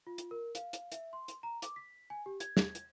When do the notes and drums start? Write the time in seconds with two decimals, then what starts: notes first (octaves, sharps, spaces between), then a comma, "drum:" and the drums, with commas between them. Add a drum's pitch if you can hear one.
0.07 F4
0.18 drum: hi-hat
0.31 A#4
0.55 F5, drum: hi-hat
0.73 drum: hi-hat
0.92 E5, drum: hi-hat
1.13 C6
1.28 drum: hi-hat
1.43 A#5
1.62 D6, drum: hi-hat
1.76 B6
2.10 G#5
2.26 G4
2.40 G#6, drum: hi-hat
2.57 drum: snare
2.75 drum: hi-hat